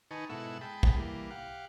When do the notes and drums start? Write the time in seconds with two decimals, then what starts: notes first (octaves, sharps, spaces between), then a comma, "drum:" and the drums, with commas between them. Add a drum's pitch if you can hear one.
0.11 D#3 D#4 B4 G#5 A5 C#6
0.30 G#2 B2 E4 A4 F#5 E6
0.61 G#3 G5 A5 B5
0.83 drum: kick
0.96 E3 G3 A#3
1.31 G4 F5 F#5